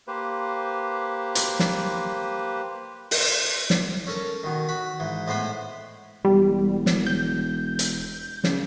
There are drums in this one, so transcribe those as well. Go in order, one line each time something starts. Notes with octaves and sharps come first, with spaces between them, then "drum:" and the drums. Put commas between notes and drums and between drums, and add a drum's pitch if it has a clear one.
A#3 G4 B4 C5
drum: hi-hat
drum: snare
drum: open hi-hat
drum: snare
C#4 A4 A#4 A5 A#5
B2 D#3
F#4 B5
G#2 E3
A2 G#3 B3 C5 B5
E1 G3
drum: snare
G6
drum: hi-hat
C#3, drum: snare